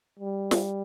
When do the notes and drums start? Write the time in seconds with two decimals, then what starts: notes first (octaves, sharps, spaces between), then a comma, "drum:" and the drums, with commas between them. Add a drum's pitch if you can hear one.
0.19 G3
0.51 drum: snare